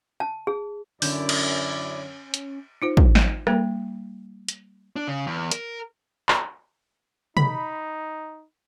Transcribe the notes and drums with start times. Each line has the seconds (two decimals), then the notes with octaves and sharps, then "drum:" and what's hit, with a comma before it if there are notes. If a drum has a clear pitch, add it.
0.20 A5
0.47 G#4
1.02 F#2 D3 C#4 E4 D5 G6, drum: open hi-hat
1.29 drum: cymbal
2.34 drum: hi-hat
2.82 D#4 F4 C5
2.97 drum: kick
3.15 drum: snare
3.47 G3 A#3, drum: rim click
4.48 drum: hi-hat
4.96 D4
5.08 C#3
5.27 E2
5.51 A#4, drum: hi-hat
6.29 drum: clap
7.37 D#4 B5, drum: tom